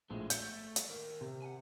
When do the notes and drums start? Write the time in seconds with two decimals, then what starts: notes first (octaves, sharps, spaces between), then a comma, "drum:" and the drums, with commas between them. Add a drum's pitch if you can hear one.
0.10 A#1 A2 G#3
0.30 A3 G6 C#7, drum: hi-hat
0.76 drum: hi-hat
0.89 D#2 A#4
1.21 C3
1.42 F#5 G#5